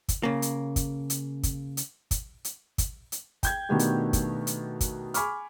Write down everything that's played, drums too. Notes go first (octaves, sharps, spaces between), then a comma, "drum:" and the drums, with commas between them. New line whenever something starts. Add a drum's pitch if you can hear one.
drum: kick, hi-hat
C#3 A#3
drum: hi-hat
drum: kick, hi-hat
drum: hi-hat
drum: kick, hi-hat
drum: hi-hat
drum: kick, hi-hat
drum: hi-hat
drum: kick, hi-hat
drum: hi-hat
G5 G6 G#6, drum: kick, hi-hat
B2 D#3 A3 B3 D4 G4
drum: hi-hat
drum: kick, hi-hat
drum: hi-hat
drum: kick, hi-hat
G#5 B5 C#6 D6 F6, drum: hi-hat